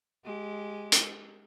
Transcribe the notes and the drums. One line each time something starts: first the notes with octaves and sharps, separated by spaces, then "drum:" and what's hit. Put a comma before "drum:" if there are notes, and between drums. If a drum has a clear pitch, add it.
G#3 G4
drum: hi-hat